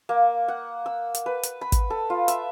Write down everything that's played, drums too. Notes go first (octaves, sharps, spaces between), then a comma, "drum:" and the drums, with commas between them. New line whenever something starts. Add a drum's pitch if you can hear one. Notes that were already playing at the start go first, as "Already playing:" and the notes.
A#3
F#5
E6
drum: hi-hat
B4
drum: hi-hat
B5
drum: kick, hi-hat
A4
F4
E5, drum: hi-hat